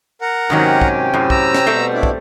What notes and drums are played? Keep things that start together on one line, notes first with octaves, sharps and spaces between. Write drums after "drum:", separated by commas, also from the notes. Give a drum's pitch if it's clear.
A#4 F#5
G#2 C3 D#3 F#3 C#4 G4
drum: kick
F#2 A2
A#5 E6, drum: kick
drum: snare
B2 G3 A3 C4
D4 E4
drum: kick